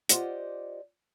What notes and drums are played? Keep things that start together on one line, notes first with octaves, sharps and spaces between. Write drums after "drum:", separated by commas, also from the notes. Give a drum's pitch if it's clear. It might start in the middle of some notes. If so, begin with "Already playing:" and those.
F4 G4 C5 D5 D#5 F#5, drum: hi-hat